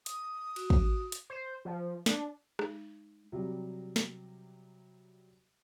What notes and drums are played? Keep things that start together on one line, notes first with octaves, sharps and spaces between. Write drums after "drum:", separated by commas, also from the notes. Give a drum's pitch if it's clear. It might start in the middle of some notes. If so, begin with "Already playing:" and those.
D#6, drum: hi-hat
F#4, drum: cymbal
drum: kick
drum: hi-hat
C5
F3
D4, drum: snare
G#3 D#4, drum: rim click
C3 F#3 G3
drum: snare